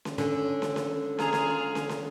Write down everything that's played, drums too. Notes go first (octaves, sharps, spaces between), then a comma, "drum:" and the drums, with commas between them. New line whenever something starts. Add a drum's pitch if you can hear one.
drum: snare
D3 C#4, drum: snare
drum: snare
drum: snare
G#3 F4 G#4 A#5, drum: snare
drum: snare
drum: snare
drum: snare